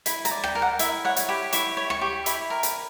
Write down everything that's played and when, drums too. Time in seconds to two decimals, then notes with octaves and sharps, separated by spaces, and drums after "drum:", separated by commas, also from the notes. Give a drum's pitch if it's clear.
0.06 E4 B5, drum: hi-hat
0.25 A#5, drum: hi-hat
0.31 D5
0.44 G5, drum: rim click
0.55 A#4
0.62 F#5
0.79 E4 E5, drum: hi-hat
1.04 C#5 F#5
1.17 drum: hi-hat
1.29 G4 B5
1.53 E4 C#6, drum: hi-hat
1.77 C#5
1.90 C#6, drum: rim click
2.01 G4
2.26 E4 B5, drum: hi-hat
2.50 A#4
2.63 drum: hi-hat